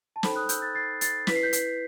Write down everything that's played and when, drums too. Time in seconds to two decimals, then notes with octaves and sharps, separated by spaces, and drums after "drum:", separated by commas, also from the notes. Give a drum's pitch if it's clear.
0.16 A5
0.23 D#4 A4 C5 G5 B5, drum: snare
0.36 D#6 F#6
0.49 E6 G6, drum: hi-hat
0.62 F#6 A6
0.75 A6 C7
1.01 A6 C7, drum: hi-hat
1.27 E4 B4 B6, drum: snare
1.35 C7
1.43 G6 B6
1.53 drum: hi-hat